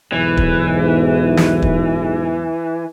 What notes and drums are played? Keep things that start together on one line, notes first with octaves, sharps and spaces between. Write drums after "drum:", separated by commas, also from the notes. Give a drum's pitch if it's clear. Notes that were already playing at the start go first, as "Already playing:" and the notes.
B1 E2 G#2 E3
drum: kick
drum: snare
drum: kick